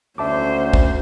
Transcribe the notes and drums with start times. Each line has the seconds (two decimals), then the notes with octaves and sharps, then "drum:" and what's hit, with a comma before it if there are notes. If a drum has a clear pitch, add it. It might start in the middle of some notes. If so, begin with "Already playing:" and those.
0.18 D2 C#4 C5 E5 A5 D6
0.73 drum: kick